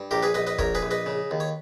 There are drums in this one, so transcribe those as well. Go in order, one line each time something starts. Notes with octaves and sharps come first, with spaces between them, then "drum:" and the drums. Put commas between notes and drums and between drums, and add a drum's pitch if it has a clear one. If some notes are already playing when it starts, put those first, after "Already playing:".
Already playing: G2
A#1 G4 A#4
G#4 B4
A#1 B4 D#5
B4 D#5
A#1 A#4 C#5, drum: kick
G#4 B4
A#1
B4 D#5
C#3
D#2
C#5